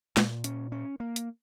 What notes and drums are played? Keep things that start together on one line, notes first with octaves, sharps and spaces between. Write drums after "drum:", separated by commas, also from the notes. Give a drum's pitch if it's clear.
A#2, drum: snare
C#4, drum: hi-hat
C#4
A#3
drum: hi-hat